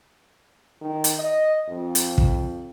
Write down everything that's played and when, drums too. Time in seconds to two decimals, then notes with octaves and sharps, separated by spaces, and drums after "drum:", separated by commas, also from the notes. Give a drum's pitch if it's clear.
0.81 D#3
1.04 drum: hi-hat
1.19 D#5
1.69 F2
1.95 drum: hi-hat
2.18 drum: kick